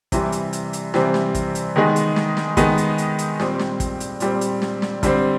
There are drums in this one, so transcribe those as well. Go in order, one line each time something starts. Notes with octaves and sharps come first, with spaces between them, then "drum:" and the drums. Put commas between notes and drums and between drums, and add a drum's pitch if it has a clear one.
C3 E3 G3 C4, drum: kick, hi-hat
drum: hi-hat
drum: hi-hat
drum: hi-hat
C3 E3 G3 C4, drum: snare
drum: snare
drum: kick, hi-hat
drum: hi-hat
D#3 G#3 B3 D#4 G#4
drum: hi-hat
drum: snare
drum: snare
D#3 G#3 B3 D#4 G#4, drum: kick, hi-hat
drum: hi-hat
drum: hi-hat
drum: hi-hat
A#2 G3 C4, drum: snare
drum: snare
drum: kick, hi-hat
drum: hi-hat
A#2 G3 C4, drum: hi-hat
drum: hi-hat
drum: snare
drum: snare
D3 G3 C4, drum: kick, hi-hat